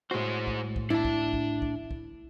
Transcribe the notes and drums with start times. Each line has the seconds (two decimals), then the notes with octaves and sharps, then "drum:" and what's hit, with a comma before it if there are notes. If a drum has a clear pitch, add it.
0.11 A2 G#3 F#4 C5
0.47 drum: kick
0.76 drum: kick
0.90 D4 E4 A5
1.05 drum: kick
1.33 drum: kick
1.62 drum: kick
1.91 drum: kick